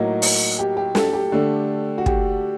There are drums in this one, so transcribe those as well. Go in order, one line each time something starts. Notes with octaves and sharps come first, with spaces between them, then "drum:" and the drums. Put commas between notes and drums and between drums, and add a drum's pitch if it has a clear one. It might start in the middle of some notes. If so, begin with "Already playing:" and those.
Already playing: A2 F#3 A#3 D#4 F#4
drum: open hi-hat
G4
G4
A4, drum: snare
G4
D3 A3 D4
F#4
G4, drum: kick